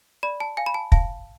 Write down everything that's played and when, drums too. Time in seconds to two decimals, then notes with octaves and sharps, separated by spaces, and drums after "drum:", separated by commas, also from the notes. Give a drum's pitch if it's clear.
0.23 D5 B5
0.40 A5
0.57 F5 G#5
0.66 B5
0.74 A5
0.92 F5 A5, drum: kick